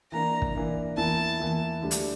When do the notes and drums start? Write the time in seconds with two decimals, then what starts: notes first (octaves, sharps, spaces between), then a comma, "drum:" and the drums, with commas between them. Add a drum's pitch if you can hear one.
0.12 E3 A#3 D4 A#5
0.42 drum: kick
0.55 E3 A#3 D4
0.97 E2 E3 A#3 E4 A5
1.39 E2 E3 A#3 E4
1.82 D2 D3 G3 D4 G4
1.91 drum: hi-hat